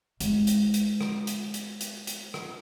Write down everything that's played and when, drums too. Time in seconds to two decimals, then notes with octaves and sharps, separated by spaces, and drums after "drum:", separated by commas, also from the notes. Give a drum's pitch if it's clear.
0.20 G#3 E4, drum: hi-hat
0.47 drum: hi-hat
0.74 drum: hi-hat
1.01 drum: rim click
1.27 drum: hi-hat
1.54 drum: hi-hat
1.81 drum: hi-hat
2.07 drum: hi-hat
2.34 drum: rim click